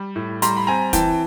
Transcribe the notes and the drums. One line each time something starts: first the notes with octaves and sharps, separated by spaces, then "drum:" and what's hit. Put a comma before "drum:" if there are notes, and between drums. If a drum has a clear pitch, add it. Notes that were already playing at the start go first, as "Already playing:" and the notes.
Already playing: G3
A2
G3 A#5 C6, drum: hi-hat
B5
C4 G#5 A#5
E3 G5 A5, drum: kick, hi-hat